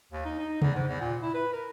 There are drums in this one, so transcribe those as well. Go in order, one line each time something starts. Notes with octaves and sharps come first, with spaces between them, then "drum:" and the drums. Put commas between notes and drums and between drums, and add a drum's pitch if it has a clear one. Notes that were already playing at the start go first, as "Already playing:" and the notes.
D#2
D#4
D#4
E2, drum: tom C3
G#2
E2
A#2
E4
B4
A#4